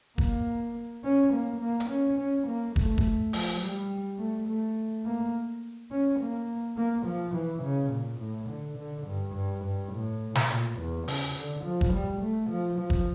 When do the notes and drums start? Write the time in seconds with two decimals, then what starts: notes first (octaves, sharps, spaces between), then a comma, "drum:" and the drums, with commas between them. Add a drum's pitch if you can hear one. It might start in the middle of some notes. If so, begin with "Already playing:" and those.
0.18 A#3, drum: kick
1.04 C#4
1.33 A#3
1.61 A#3
1.80 drum: hi-hat
1.90 C#4
2.19 C#4
2.47 A#3
2.76 A3, drum: kick
2.98 drum: kick
3.33 F3, drum: open hi-hat
3.62 G3
4.19 A3
4.48 A3
5.05 A#3
5.91 C#4
6.20 A#3
6.77 A#3
7.06 F3
7.35 E3
7.63 C#3
7.92 A#2
8.20 A2
8.49 D3
8.78 D3
9.06 G2
9.35 G2
9.64 G2
9.93 A2
10.35 drum: snare
10.50 A#2, drum: hi-hat
10.78 E2
11.08 C#3, drum: open hi-hat
11.36 D3
11.64 F3
11.81 drum: kick
11.93 G3
12.22 A3
12.50 F3
12.79 F3
12.90 drum: kick